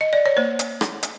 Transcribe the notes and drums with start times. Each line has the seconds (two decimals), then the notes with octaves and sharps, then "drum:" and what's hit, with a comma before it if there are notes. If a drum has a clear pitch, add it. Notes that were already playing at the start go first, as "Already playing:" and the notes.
0.01 D#5
0.13 D5
0.26 C#5
0.37 A#3 C5
0.59 drum: hi-hat
0.81 drum: rim click
1.03 drum: hi-hat